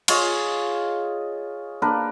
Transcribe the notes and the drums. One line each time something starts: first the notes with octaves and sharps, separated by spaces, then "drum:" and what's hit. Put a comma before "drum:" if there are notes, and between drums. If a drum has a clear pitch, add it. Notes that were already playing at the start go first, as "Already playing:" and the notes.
F4 G#4 C#5 D#5, drum: cymbal
A#3 D4 A#4 B4